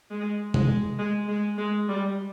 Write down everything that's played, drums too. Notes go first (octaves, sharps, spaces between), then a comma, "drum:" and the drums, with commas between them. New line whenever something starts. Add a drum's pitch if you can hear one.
G#3
G#3, drum: tom C3
G#3
G#3
G#3
G3